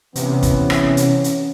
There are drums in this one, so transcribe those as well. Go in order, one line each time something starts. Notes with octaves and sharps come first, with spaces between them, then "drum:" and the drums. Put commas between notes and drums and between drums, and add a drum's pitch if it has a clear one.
C3 E3 B3 C#4, drum: hi-hat
drum: kick, hi-hat
drum: rim click
drum: hi-hat
drum: hi-hat